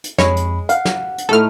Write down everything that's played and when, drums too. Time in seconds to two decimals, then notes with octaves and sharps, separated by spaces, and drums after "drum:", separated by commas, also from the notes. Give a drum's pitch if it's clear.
0.04 drum: hi-hat
0.18 F2 G#3 C#5 B5, drum: snare
0.36 drum: hi-hat
0.69 F5 F#5, drum: hi-hat
0.85 drum: snare
1.18 drum: hi-hat
1.29 A2 A3 D#4 A4 F6